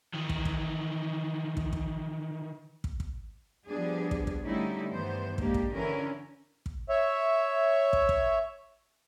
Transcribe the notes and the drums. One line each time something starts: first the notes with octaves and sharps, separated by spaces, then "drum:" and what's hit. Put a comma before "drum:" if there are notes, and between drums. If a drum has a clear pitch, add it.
D#3 E3
drum: kick
drum: kick
drum: kick
drum: kick
drum: kick
drum: kick
F3 G3 B3 D4 G#4
drum: kick
drum: kick
D3 G3 A3 C#4 D#4 E4
G2 D#3 E3 B3 C5
G#3 A#3 D4 G4, drum: kick
drum: kick
D3 E3 C#4 E4 A#4
drum: kick
C#5 E5
drum: kick
drum: kick